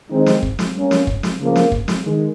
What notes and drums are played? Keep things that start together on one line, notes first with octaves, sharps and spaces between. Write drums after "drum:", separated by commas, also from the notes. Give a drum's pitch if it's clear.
D#3 G#3 C4 D#4
drum: snare
drum: kick
drum: snare
G3 A#3 C#4
drum: snare
drum: kick
drum: snare
C#3 F3 A#3
drum: snare
drum: kick
drum: snare
D#3 G#3